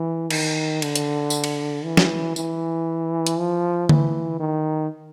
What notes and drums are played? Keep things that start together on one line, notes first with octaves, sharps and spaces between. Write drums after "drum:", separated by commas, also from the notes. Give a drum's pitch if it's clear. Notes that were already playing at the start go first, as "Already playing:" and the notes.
Already playing: E3
D#3, drum: cymbal
D3, drum: cymbal
drum: hi-hat
drum: tambourine
drum: cymbal
E3
drum: snare
E3, drum: tambourine
drum: hi-hat
F3
E3, drum: tom D3
D#3